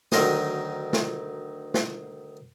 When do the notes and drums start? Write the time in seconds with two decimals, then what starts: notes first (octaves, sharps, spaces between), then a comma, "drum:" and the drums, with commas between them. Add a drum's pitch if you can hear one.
0.12 D2 D#3 F#3 A#4 C6 D#6, drum: snare
0.93 drum: snare
1.74 drum: snare